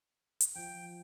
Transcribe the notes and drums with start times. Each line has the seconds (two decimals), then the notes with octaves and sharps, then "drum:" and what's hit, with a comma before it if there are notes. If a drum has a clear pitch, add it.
0.41 drum: hi-hat
0.55 F3 G5